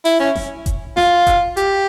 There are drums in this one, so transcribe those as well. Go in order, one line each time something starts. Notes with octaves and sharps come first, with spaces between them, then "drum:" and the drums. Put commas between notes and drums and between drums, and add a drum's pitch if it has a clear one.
E4, drum: open hi-hat
C#4
drum: snare F1
drum: kick F1, hi-hat
F4, drum: snare F1
drum: kick F1, hi-hat
G4, drum: hi-hat